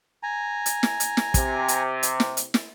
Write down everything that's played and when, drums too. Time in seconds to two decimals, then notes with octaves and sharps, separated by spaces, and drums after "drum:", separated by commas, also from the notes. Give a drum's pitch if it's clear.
0.23 G#5 A#5
0.66 drum: hi-hat
0.83 drum: snare
1.00 drum: hi-hat
1.17 drum: snare
1.34 C3, drum: kick, hi-hat
1.68 drum: hi-hat
2.03 drum: hi-hat
2.20 drum: snare
2.37 drum: hi-hat
2.54 drum: snare